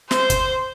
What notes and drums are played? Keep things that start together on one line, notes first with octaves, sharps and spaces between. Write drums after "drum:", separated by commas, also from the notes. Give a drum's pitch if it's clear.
C5, drum: snare
drum: kick, hi-hat